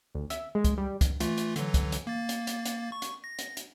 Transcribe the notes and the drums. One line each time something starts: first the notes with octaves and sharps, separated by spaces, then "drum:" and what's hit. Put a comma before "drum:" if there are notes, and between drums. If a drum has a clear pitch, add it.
D2
E5, drum: hi-hat
G#3
drum: kick, hi-hat
G3
drum: kick, hi-hat
E3 A3 F4, drum: hi-hat
drum: hi-hat
D3 E3 F#3, drum: hi-hat
drum: kick, hi-hat
drum: hi-hat
A#3 A6
drum: hi-hat
drum: hi-hat
drum: hi-hat
C#6
drum: hi-hat
A#6
drum: hi-hat
drum: hi-hat